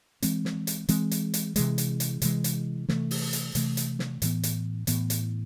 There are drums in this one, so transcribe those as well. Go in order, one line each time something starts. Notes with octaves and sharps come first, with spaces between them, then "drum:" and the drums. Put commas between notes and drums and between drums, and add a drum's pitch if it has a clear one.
E3 G#3 C4, drum: hi-hat
drum: snare
drum: hi-hat
E3 G#3 C4, drum: hi-hat
drum: hi-hat
drum: hi-hat
C3 E3 G#3, drum: hi-hat
drum: hi-hat
drum: hi-hat
C3 E3 G#3, drum: hi-hat
drum: hi-hat
C3 E3 A3, drum: snare
drum: open hi-hat
drum: hi-hat
C3 E3 A3, drum: hi-hat
drum: hi-hat
drum: snare
A2 E3 B3, drum: hi-hat
drum: hi-hat
A2 E3 B3, drum: hi-hat
drum: hi-hat